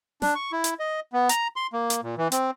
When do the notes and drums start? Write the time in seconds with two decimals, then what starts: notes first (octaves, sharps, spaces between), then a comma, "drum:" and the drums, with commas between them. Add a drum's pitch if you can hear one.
0.22 D4, drum: snare
0.35 C#6
0.52 E4
0.64 drum: hi-hat
0.80 D#5
1.13 B3
1.29 A#5, drum: hi-hat
1.56 C6
1.73 A#3
1.90 drum: hi-hat
2.03 A#2
2.18 E3
2.32 C4, drum: hi-hat